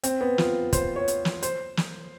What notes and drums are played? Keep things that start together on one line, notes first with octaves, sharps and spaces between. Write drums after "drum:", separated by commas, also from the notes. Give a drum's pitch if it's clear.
C4, drum: hi-hat
B3
F4, drum: snare
C5, drum: kick, hi-hat
C#5
drum: hi-hat
drum: snare
C5, drum: hi-hat
drum: snare